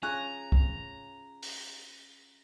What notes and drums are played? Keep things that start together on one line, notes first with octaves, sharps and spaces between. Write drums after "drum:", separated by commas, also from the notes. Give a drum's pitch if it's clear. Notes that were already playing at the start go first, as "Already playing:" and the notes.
C#4 F4 G#4 G#5 A#5 C#6 F#6
drum: kick
drum: open hi-hat